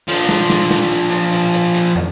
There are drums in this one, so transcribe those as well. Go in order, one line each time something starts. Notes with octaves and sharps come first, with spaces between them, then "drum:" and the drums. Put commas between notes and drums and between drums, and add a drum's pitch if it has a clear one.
F3 D4, drum: open hi-hat
drum: snare
drum: snare
drum: snare
drum: hi-hat
drum: hi-hat
drum: hi-hat
drum: hi-hat
drum: hi-hat
drum: tom